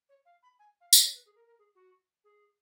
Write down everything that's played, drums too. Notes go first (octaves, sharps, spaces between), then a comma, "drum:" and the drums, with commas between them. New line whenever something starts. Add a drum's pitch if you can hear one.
C#5
F5
B5
G#5
F5
D#5, drum: tambourine
C#5
B4
G#4
A#4
A#4
G#4
F#4
G#4